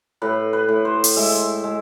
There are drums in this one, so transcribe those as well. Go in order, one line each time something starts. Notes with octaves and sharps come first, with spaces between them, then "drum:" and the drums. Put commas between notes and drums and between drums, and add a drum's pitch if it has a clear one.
A2 B4
B4
A2
C5
drum: open hi-hat
G#3 E5
G#3